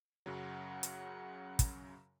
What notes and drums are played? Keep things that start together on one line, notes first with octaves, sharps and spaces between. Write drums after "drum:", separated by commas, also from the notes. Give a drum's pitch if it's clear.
F#2 C#3 F#3 F#5
drum: hi-hat
drum: kick, hi-hat